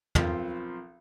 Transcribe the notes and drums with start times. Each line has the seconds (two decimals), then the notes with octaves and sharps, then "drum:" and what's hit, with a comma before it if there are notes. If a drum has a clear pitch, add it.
0.15 B1 F3 C4 F4 A#4, drum: tom